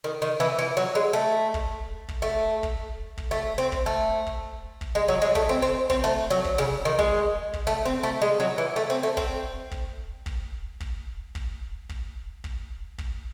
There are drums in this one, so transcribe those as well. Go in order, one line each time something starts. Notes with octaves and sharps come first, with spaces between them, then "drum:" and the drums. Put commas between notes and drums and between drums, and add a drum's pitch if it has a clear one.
D#3
D#3
E3
E3
F#3
G#3
A3
drum: kick
drum: kick
A3
drum: kick
drum: kick
A3
C4
drum: kick
A3
drum: kick
drum: kick
G#3
F#3
G#3
A3, drum: kick
C4
C4
C4, drum: kick
A3
F#3
drum: kick
C#3
D#3
G#3, drum: kick
drum: kick
A3
C4
A3
G#3
F#3
E3
A3
C4
A3
C4, drum: kick
drum: kick
drum: kick
drum: kick
drum: kick
drum: kick
drum: kick
drum: kick